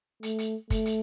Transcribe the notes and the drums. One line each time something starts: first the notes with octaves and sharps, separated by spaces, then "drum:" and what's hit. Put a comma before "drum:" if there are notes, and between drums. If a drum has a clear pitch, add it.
A3, drum: hi-hat
drum: hi-hat
A3, drum: kick, hi-hat
drum: hi-hat